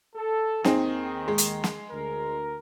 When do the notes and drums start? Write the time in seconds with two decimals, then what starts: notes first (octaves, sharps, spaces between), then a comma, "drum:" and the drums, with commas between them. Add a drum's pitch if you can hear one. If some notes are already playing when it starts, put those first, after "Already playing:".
0.15 A4
0.64 D#2 D#3 C4 D#4 G#4, drum: snare
1.28 G#3
1.38 drum: hi-hat
1.64 drum: snare
1.90 D2 A#4